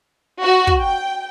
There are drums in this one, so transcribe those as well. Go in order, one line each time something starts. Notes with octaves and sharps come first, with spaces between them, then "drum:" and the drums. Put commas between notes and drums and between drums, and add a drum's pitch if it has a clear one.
F#4
drum: kick
G5